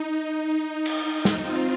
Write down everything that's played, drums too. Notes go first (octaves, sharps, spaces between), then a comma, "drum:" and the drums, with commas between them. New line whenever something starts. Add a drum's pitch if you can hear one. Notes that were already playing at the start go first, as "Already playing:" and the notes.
Already playing: D#4
drum: cymbal
drum: snare
C4 F4